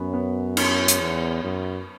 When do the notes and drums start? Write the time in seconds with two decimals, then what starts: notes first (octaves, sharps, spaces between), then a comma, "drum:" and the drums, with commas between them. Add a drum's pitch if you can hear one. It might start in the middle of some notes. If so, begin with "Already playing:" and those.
Already playing: F#2 B3 C#4
0.13 B3
0.57 C#4, drum: cymbal
0.88 drum: hi-hat
1.01 E2
1.44 F#2